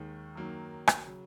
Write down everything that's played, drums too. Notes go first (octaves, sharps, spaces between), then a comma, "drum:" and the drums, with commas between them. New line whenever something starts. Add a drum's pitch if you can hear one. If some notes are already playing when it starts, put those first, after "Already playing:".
Already playing: D#2 D#3 G#3
F#2 D#3 F#3 A#3
drum: rim click
C#3 F#3